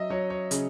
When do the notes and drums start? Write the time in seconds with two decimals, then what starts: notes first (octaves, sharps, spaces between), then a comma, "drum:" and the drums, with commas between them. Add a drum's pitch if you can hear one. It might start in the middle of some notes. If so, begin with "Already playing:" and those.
Already playing: F#3 D#5 E5
0.10 F#3 C#5
0.30 C#5
0.51 C#3, drum: hi-hat